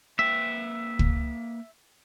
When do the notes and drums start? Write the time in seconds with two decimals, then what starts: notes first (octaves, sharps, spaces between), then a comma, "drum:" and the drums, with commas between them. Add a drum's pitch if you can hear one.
0.19 A#3 B4 E5 G5
0.99 drum: kick